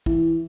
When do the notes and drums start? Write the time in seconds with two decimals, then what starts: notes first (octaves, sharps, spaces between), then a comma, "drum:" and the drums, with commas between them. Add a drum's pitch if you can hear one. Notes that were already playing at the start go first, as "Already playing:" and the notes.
0.06 E3, drum: kick